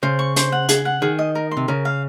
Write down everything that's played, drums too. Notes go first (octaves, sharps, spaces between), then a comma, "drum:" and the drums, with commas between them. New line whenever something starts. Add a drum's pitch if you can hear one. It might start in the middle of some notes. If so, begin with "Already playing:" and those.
C#3 C5
C#6
C5, drum: hi-hat
F#5
G#4, drum: hi-hat
F#5
D#3 G#4
D#5
A#4
C6
C3
C#3 A#4
F5